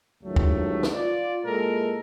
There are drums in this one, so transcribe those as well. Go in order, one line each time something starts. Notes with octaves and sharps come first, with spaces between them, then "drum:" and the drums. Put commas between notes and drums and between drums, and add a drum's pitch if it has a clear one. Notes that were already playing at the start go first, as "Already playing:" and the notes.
C#2 G2 D#3 F3 F#3 A3
drum: kick
drum: snare
F4 D5
A#2 G#3 E4 A4 A#4